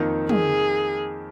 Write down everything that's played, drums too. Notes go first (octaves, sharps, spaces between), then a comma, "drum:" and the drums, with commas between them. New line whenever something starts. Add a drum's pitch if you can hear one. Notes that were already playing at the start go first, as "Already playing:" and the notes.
Already playing: F2 D#3 A#3 D#4
G#4, drum: tom